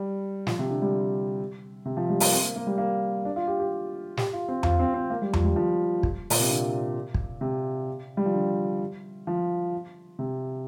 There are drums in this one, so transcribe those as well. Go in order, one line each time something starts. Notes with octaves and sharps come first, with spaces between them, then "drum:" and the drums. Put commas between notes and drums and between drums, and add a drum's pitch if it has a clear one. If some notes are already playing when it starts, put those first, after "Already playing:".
Already playing: G3
F3, drum: snare
C3
D3
G3
C3
F3
G3
A#3, drum: open hi-hat
C4
A#3
A#3
G3
A#3
D4
F4
G4
G4
G4, drum: snare
F4
C4
F4, drum: tom E2
C4
C4
A#3
G3
F3, drum: tom E2
G3
F3
drum: kick
A#2, drum: open hi-hat
C3
D3
drum: kick
C3
G3
F3
D3
F3
C3